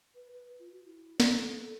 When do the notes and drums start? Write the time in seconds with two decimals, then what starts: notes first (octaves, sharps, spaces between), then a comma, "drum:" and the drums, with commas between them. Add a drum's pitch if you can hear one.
0.15 B4
0.33 B4
0.59 F4
0.71 F#4
0.86 E4
1.20 D5, drum: snare
1.35 A4
1.61 A4